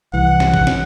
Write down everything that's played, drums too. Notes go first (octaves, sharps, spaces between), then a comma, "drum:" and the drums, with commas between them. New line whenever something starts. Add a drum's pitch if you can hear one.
C2 E3 F#5
drum: snare
drum: kick
drum: snare